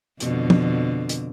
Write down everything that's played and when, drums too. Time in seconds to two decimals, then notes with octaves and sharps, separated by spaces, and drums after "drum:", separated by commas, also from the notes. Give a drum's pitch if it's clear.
0.20 F2 B2 D3, drum: hi-hat
0.50 drum: tom
1.09 drum: hi-hat